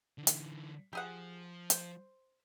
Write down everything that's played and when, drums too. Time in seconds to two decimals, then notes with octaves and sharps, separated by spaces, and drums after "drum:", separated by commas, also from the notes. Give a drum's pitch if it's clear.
0.18 D3 E3
0.27 drum: hi-hat
0.93 F3 G4 G#4 F#5
1.70 C5, drum: hi-hat